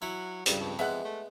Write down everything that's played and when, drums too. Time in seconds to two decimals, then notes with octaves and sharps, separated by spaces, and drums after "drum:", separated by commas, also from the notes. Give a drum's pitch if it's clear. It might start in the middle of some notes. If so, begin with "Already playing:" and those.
0.02 F#3 E4 B5
0.46 C#2 G2 G3, drum: hi-hat
0.60 F2
0.79 G#3 B3 E5 F#5
1.04 A3